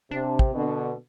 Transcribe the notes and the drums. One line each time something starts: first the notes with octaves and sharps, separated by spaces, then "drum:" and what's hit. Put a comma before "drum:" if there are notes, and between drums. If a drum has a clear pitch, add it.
C3 D4
C4, drum: kick
B2 D3
B3